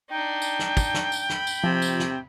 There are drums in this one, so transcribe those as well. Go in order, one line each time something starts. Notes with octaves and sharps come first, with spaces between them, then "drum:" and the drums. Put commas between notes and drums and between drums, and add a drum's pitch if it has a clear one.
D4 D#4 G5
drum: tambourine
drum: snare
drum: kick, tambourine
drum: snare
drum: tambourine
B5, drum: snare
drum: tambourine
C3 F3
drum: tambourine
drum: snare